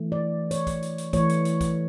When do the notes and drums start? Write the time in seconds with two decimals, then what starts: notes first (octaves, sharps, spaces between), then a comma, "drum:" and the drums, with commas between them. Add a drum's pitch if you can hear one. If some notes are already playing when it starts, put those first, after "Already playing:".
Already playing: E3 A3
0.12 D5
0.51 C#5, drum: hi-hat
0.67 drum: kick, hi-hat
0.82 drum: hi-hat
0.98 drum: hi-hat
1.13 E3 A3 C#5, drum: kick, hi-hat
1.29 drum: hi-hat
1.45 drum: hi-hat
1.61 drum: kick, hi-hat